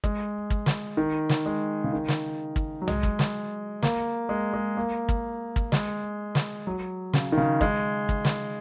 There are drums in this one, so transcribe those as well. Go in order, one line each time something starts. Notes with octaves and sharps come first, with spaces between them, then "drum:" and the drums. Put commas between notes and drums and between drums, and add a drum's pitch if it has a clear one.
G#3, drum: kick
drum: kick
drum: snare
D#3
drum: snare
G#3
C#3
D#3
drum: snare
drum: kick
F#3
G#3, drum: tom B1
drum: kick
drum: snare
A#3, drum: snare
G#3
G#3
A#3
drum: kick
drum: kick
G#3, drum: snare
drum: snare
F#3
C#3, drum: snare
D#3
C#3
G#3, drum: kick
drum: kick
drum: snare